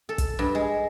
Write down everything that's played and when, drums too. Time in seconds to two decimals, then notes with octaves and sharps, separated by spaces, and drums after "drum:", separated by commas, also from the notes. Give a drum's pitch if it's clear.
0.09 A4
0.18 drum: kick, hi-hat
0.39 G2
0.55 G#3